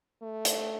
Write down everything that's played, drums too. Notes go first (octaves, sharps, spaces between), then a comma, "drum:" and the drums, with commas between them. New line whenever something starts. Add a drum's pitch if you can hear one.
A3
drum: hi-hat